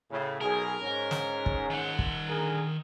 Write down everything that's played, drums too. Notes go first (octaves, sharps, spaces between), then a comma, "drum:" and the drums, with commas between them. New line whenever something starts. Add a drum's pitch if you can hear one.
A2 C#3
B1 G#4 A#4
G#2 C#4
drum: snare
drum: kick
D#3 F#5
drum: kick
D3 G#4 A#4